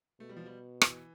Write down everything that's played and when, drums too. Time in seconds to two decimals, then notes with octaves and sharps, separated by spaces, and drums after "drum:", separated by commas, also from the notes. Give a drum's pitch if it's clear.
0.20 B2 A3
0.29 G3
0.37 F3
0.46 G3
0.81 E3, drum: rim click